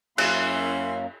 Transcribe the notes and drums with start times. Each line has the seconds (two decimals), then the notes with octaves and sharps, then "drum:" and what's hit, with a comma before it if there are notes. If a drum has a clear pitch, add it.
0.18 F#2 A#3 C#4 E4 C6 F#6, drum: cymbal